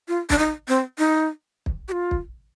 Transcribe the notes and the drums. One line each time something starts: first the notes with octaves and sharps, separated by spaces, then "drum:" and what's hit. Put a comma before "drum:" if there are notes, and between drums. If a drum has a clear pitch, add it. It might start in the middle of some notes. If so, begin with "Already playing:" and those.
F4
D4, drum: kick
D#4
C4
D#4
drum: kick
G4
F4
drum: kick